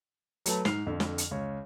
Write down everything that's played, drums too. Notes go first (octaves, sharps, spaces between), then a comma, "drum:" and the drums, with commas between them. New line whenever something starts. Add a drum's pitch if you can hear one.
F#3 A3 B4 A5, drum: hi-hat
G#2 F6 C7 F7, drum: snare
F2 D3
drum: snare
drum: hi-hat
C#2 C#5